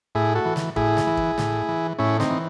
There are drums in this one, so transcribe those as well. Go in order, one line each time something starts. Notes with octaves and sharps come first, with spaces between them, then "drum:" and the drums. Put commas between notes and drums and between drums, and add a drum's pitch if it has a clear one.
A2 E4 G#4
F#4 A4
E3
drum: snare
A2 E4 G#4, drum: kick
drum: snare
E3
drum: kick
A2, drum: snare
E3
A2 C#4 E4
C4 D#4, drum: snare
E3